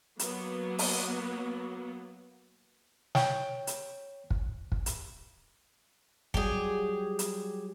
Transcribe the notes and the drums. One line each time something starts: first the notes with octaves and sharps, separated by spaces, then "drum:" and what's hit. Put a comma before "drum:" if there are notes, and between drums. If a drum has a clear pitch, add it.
F#3 A#3 B3, drum: hi-hat
drum: open hi-hat
C#5 G5, drum: snare
drum: hi-hat
drum: kick
drum: kick
drum: hi-hat
F#3 G3 G4 G#4, drum: kick
drum: hi-hat